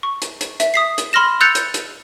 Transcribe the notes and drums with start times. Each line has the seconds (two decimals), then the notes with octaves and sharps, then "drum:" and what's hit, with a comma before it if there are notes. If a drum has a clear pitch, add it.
0.03 C#6
0.22 drum: hi-hat
0.41 drum: hi-hat
0.60 E5, drum: hi-hat
0.74 D#6 B6 C7
0.98 drum: hi-hat
1.13 B5 C6 F6 A#6 E7
1.41 E6 F#6 G6 A6 C#7 F7
1.55 drum: hi-hat
1.74 drum: hi-hat